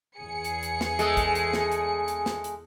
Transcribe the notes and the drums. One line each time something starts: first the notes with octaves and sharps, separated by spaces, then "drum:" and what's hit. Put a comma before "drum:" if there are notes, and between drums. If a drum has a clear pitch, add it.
E2 G#4 C#7
drum: hi-hat
drum: hi-hat
drum: snare
G#3 A3, drum: hi-hat
drum: kick, hi-hat
drum: hi-hat
drum: snare
drum: hi-hat
drum: hi-hat
drum: snare
drum: hi-hat